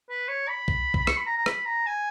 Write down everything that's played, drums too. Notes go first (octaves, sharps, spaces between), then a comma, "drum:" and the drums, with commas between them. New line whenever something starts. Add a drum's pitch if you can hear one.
B4
C#5
B5
drum: kick B1
drum: kick B1
C#6, drum: rim click
B5
A#5
A#5
B5, drum: rim click
A#5
G#5